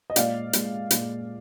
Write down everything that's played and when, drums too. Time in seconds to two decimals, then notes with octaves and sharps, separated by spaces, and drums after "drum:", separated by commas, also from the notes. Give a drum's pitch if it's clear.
0.10 D#5
0.16 A#2 G#3 D5 F5, drum: hi-hat
0.53 A#2 G#3, drum: hi-hat
0.91 A#2 G#3, drum: hi-hat